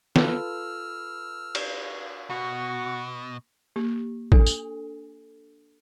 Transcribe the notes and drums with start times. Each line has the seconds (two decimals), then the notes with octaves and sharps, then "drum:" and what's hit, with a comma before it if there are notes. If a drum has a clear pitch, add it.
0.16 F4 A4 B4 E6 F6, drum: snare
1.55 drum: cymbal
2.30 B2 F#4
3.76 A#3 G4
4.32 D4 A4 G#5, drum: kick A1
4.46 drum: tambourine